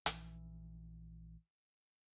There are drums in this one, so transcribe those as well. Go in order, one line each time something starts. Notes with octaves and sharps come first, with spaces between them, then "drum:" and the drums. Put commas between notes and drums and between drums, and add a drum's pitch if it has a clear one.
A#1 E3, drum: hi-hat